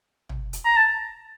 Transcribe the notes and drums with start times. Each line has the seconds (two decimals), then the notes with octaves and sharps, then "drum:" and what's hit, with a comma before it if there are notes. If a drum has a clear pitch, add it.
0.29 drum: tom
0.53 drum: hi-hat
0.65 A#5
0.76 A5